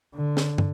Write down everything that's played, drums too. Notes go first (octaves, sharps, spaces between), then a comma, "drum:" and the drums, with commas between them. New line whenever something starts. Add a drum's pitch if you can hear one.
D3
drum: snare
drum: tom